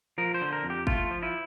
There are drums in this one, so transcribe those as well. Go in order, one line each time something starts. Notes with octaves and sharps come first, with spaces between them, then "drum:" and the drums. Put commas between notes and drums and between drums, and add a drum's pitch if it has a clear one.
F3 A#4
C5
D3
A#4
F2
G4
A3 F4, drum: kick
F3
E4